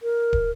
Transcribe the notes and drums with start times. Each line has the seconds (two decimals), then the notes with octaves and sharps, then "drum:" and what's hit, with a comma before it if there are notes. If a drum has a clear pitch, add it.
0.03 A#4
0.33 drum: kick